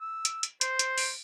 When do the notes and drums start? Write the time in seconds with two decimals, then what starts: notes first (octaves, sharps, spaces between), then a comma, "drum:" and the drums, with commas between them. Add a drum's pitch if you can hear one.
0.01 E6
0.25 drum: hi-hat
0.43 drum: hi-hat
0.61 C5, drum: hi-hat
0.79 drum: hi-hat
0.98 drum: open hi-hat